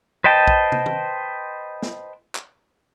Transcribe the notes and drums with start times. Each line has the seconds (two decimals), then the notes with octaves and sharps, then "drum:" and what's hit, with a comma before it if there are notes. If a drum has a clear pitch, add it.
0.24 B4 C5 D#5 G5 A5
0.48 drum: kick
0.72 drum: tom
0.86 drum: tom
1.82 drum: snare
2.35 drum: clap